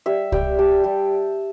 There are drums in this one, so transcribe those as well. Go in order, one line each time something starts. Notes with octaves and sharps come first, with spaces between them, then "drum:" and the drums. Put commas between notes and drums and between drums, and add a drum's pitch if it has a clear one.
G3 E5
G3 G5, drum: kick C2
G3 A5
G3